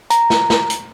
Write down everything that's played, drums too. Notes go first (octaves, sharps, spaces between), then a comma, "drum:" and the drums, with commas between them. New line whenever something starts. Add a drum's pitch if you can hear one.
A#5, drum: hi-hat
drum: snare
drum: snare
drum: hi-hat